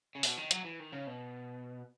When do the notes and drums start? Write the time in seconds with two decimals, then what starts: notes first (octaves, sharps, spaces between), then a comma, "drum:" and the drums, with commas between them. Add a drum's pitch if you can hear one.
0.15 C#3
0.23 B2, drum: open hi-hat
0.37 D#3
0.51 F#3, drum: hi-hat
0.65 E3
0.80 D#3
0.92 C#3
1.07 B2